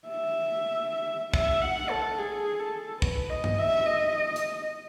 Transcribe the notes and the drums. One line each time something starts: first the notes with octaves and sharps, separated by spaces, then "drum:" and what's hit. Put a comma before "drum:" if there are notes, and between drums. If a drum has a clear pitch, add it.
E5
E5, drum: kick
F#5
A4
G#4
A4
B4, drum: kick
D#5
drum: tom G2
E5
D#5
drum: hi-hat